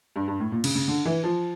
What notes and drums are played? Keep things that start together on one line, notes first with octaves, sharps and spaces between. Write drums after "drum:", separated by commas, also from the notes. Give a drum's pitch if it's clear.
G2
G2
A2
A#2
C#3, drum: cymbal
C#3
D3
E3
F3